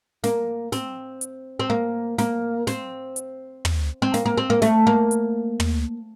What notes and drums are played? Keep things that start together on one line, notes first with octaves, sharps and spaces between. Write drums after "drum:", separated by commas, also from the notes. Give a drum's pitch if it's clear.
A#3, drum: snare
C4, drum: snare
drum: hi-hat
C4
A#3
A#3, drum: snare
C4, drum: snare
drum: hi-hat
drum: tom
C4
A#3, drum: snare
A#3
C4
A#3
A3, drum: snare
A#3
drum: hi-hat
drum: tom